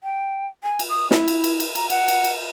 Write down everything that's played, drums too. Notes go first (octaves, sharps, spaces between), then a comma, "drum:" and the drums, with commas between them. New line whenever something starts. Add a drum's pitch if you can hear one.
G5
G#5
drum: cymbal
D#6
E4, drum: snare
drum: cymbal
drum: cymbal
drum: cymbal
A#5, drum: cymbal
F#5, drum: cymbal
drum: cymbal
drum: cymbal